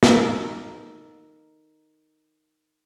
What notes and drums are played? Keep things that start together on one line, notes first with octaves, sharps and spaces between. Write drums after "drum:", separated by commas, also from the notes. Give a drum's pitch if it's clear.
D#4 A4 A#4, drum: snare